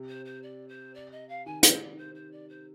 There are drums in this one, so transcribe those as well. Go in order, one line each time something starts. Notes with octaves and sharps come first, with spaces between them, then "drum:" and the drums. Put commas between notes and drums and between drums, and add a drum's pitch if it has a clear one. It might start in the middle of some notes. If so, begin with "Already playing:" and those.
Already playing: C3
C5
C5
D5
C5
D5
D#5
F5
D#3 G#5
C5, drum: hi-hat
D5
C5
C5
D5
C5